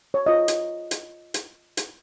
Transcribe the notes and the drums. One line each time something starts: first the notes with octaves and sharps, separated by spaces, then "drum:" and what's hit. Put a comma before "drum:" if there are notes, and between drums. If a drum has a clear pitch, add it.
C#5
F4 C5 D#5
drum: hi-hat
drum: hi-hat
drum: hi-hat
drum: hi-hat